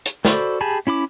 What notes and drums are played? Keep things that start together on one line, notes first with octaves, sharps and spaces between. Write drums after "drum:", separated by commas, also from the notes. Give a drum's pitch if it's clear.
drum: hi-hat
F#4 A4 C5 D5 B5, drum: snare
G4 G#4 G#5 A5 B5
C#4 E4 B5 D6